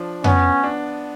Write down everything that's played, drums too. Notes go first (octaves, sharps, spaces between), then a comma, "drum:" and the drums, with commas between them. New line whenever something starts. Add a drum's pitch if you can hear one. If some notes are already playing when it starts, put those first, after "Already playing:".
Already playing: F3 D4
B3 C#4, drum: tom F2
D4